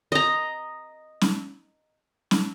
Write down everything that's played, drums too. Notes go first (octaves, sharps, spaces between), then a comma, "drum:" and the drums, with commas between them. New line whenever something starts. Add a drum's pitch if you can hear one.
D#5 A#5
drum: snare C#4
drum: snare C#4